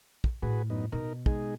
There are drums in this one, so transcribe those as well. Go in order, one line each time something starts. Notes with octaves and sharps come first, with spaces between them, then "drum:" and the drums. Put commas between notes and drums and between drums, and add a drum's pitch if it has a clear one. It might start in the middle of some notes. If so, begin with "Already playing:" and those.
drum: kick
A2 F#4 G#4 B4
F#2 B3 D#4
B2 D#4 A#4
G#3 D#4 G#4, drum: kick